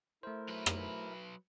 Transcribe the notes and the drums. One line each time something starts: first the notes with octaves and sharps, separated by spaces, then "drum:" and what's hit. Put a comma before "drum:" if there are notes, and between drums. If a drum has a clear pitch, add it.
A3 E4 A#4 C5
F#3 B4
drum: rim click